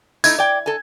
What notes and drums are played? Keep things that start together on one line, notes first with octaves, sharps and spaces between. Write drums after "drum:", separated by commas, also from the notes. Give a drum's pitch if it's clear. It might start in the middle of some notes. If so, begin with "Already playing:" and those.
A3 D#4 E4 G#6, drum: tambourine
D5 G5
A4 G#5